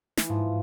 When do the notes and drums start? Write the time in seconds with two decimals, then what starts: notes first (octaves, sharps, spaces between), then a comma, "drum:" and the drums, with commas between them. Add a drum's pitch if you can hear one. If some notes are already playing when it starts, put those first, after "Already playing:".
0.17 E3, drum: snare
0.30 G#2 F3